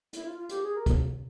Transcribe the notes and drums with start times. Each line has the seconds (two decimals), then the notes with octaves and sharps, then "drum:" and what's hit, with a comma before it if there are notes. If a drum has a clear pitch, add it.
0.13 E4, drum: hi-hat
0.25 F4
0.37 F4
0.49 G4, drum: hi-hat
0.62 G#4
0.74 A#4
0.86 drum: kick, hi-hat